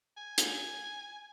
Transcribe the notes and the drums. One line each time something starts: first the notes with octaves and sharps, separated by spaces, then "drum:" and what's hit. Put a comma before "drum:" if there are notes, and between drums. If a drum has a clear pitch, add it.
G#5
drum: hi-hat